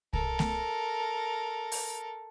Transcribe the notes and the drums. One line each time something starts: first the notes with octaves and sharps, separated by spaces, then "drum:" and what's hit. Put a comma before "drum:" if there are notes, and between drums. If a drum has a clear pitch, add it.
A4 A#4, drum: kick C2
drum: snare A3
drum: open hi-hat